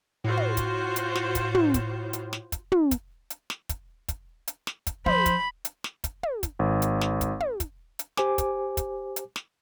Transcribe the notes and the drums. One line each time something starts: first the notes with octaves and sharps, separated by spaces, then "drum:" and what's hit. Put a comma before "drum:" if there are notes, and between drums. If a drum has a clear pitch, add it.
A2 F4 F#4 C5
drum: tom
drum: kick, hi-hat
drum: hi-hat
drum: snare
drum: kick, hi-hat
drum: tom
drum: kick, hi-hat
drum: hi-hat
drum: snare
drum: kick, hi-hat
drum: tom
drum: kick, hi-hat
drum: hi-hat
drum: snare
drum: kick, hi-hat
drum: kick, hi-hat
drum: hi-hat
drum: snare
drum: kick, hi-hat
F3 C5 B5, drum: tom
drum: kick, hi-hat
drum: hi-hat
drum: snare
drum: kick, hi-hat
drum: tom
drum: kick, hi-hat
G#1
drum: hi-hat
drum: snare
drum: kick, hi-hat
drum: tom
drum: kick, hi-hat
drum: hi-hat
G4 C5 G#5 D6, drum: snare
drum: kick, hi-hat
drum: kick, hi-hat
drum: hi-hat
drum: snare